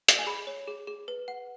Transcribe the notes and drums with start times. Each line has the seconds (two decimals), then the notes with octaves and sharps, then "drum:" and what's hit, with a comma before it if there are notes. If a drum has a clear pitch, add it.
0.08 drum: hi-hat
0.19 G#5
0.27 G#4 B5
0.47 C#5
0.68 G#4
0.87 G#4
1.08 B4
1.28 F#5